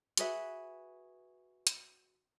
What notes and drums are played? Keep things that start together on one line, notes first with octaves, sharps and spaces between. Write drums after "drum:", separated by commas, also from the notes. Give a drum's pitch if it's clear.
F#4 G#4 B4 E5, drum: hi-hat
drum: hi-hat